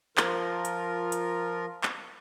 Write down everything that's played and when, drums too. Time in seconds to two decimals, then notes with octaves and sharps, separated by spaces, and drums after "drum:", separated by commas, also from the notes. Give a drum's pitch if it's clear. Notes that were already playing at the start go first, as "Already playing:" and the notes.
0.17 F3 F4 A#4, drum: clap
0.65 drum: hi-hat
1.12 drum: hi-hat
1.83 drum: clap